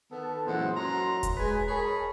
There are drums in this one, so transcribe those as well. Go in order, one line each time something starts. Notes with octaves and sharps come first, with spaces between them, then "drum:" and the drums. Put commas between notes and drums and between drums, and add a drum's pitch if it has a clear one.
D#3 B3 A4
F#2 A#2 E3 G#3 C5 F#5
F#2 F#3 A#5 C6
drum: kick E1, hi-hat
G#3 B4 G#5
G#4 A#4 C#5 G#5 A5 B5